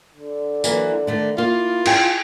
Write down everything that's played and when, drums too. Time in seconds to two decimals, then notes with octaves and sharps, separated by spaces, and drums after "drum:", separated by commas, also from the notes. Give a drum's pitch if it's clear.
0.15 D3
0.64 E3 F#3 A#3, drum: tambourine
1.07 D#3 A3 D4
1.38 A#3 E4 F4
1.86 G#4 G5 G#5, drum: cymbal